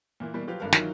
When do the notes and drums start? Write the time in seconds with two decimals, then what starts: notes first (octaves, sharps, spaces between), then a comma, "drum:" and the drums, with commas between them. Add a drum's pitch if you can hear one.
0.20 A#2 E3 A#3
0.34 B2 E3 G3 A#3
0.47 F3 F#3 F4 G4 B4 F5
0.60 G#1 G2 A3 A#4 F5
0.72 D#3 E3 F#3 D#4 F4 A#4, drum: snare